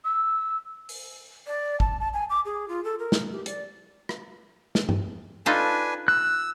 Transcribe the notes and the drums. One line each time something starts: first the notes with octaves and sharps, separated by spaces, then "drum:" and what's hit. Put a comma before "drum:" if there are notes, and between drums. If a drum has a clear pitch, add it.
E6
drum: open hi-hat
D5
A5, drum: kick
A5
G#5
D6
G#4
F4
A4
A#4
drum: snare
G4
D5, drum: hi-hat
drum: rim click
drum: snare
drum: tom G2
D4 D#4 F4 A4 B4 G#5
E6 F#6